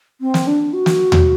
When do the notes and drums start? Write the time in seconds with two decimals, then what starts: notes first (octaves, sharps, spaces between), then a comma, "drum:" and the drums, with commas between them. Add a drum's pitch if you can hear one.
0.21 C4
0.34 drum: snare
0.47 D4
0.73 F#4
0.86 drum: snare
1.12 drum: tom D#2